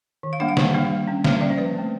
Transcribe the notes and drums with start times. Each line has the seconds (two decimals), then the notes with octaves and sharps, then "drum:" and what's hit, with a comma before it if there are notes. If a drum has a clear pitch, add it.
0.23 D#3
0.33 F5
0.40 G3 A#3 D4 F#5
0.49 F5
0.57 D#3, drum: snare
0.74 G3 A#3 D4
0.90 G3
1.08 A#3 C#4
1.24 G3, drum: snare
1.33 E5
1.41 A#3 C#4 D5
1.50 C5
1.58 F3 B4
1.74 A3 C4